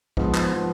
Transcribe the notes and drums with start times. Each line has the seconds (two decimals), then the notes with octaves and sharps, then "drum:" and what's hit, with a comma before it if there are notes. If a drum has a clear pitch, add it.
0.17 G#2 F3 B3, drum: kick
0.34 drum: clap
0.53 F3 B3